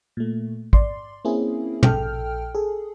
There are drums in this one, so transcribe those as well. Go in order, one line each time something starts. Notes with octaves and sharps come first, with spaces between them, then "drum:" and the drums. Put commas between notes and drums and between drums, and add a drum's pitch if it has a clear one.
A#2 A3
D5 C6, drum: kick
A#3 C4 C#4 E4 G#4
A#1 A4 G5 F6, drum: tom
G#4 A4